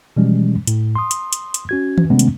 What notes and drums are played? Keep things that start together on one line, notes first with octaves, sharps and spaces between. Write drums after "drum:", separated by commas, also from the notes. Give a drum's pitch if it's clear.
B2 E3 F3 G3 G#3 C#4
A2, drum: hi-hat
C6 D#6
drum: hi-hat
drum: hi-hat
drum: hi-hat
C#4 F#4 G#6
drum: tom D#3
C3 D#3 G#3 A3 B3 C#4
drum: hi-hat